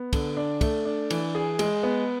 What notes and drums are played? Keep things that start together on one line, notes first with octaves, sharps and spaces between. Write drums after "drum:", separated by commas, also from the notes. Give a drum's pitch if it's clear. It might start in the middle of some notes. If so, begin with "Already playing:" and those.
Already playing: B3
D3, drum: kick, cymbal
D4
A3, drum: kick, cymbal
D4
E3, drum: cymbal
G#4
G#3, drum: cymbal
B3